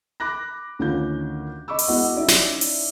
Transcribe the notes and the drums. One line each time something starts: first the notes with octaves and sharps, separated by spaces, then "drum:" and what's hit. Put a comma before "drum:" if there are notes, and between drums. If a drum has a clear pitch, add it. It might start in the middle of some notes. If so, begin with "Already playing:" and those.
B5 D6 F#6 A#6
D2 D#3 C#4 F4 G6
D#5 B5 C#6 D6 E6
drum: open hi-hat
G#3 B3 E4 F#4 D#5 F#5
C#4 D#4 E4 D5 E5
drum: snare
drum: open hi-hat